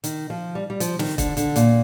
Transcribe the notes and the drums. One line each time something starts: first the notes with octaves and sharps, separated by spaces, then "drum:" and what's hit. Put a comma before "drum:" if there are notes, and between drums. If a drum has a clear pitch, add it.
D#3, drum: hi-hat
F3
G3
G3
F3, drum: hi-hat
D#3, drum: snare
D3, drum: kick E1, hi-hat
D3, drum: hi-hat
A#2, drum: hi-hat